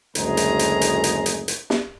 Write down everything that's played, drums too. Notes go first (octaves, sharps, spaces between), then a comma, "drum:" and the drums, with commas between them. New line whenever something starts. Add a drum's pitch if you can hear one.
F#1 D2 A2 G#3 G#4 A#5, drum: hi-hat
drum: hi-hat
drum: hi-hat
drum: hi-hat
drum: hi-hat
drum: hi-hat
drum: hi-hat
drum: snare